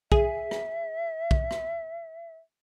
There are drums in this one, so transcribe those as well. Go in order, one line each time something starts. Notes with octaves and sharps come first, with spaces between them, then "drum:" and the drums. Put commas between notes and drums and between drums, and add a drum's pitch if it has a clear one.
G#4 E5, drum: kick
drum: rim click
drum: kick
drum: rim click